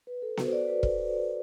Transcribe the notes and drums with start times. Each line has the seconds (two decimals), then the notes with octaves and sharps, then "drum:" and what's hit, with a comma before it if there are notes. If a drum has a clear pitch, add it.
0.07 B4
0.22 A4
0.37 F#4, drum: snare B3
0.45 C5
0.53 D5
0.68 B4
0.83 drum: kick